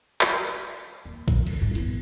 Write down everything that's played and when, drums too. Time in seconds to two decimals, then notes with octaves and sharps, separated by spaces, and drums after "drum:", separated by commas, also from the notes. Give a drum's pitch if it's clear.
0.21 drum: clap
1.05 D#2
1.28 A#2 D3, drum: kick A#1
1.47 D3, drum: cymbal
1.59 A1 G2
1.75 E2 E4, drum: hi-hat